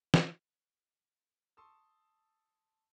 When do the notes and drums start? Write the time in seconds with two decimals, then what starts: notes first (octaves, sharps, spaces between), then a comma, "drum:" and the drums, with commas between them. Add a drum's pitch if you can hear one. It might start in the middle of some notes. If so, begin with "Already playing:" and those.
0.14 drum: snare
1.57 A5 C6 C#6 D#6 E6